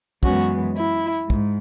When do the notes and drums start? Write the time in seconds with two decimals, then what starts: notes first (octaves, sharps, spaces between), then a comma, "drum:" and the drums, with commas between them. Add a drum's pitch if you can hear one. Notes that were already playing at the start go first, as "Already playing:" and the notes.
0.23 F#2 E3 G#3 B3 C#4 F#4, drum: kick
0.41 drum: tambourine
0.76 E4, drum: tambourine
1.13 drum: tambourine
1.30 G#2, drum: kick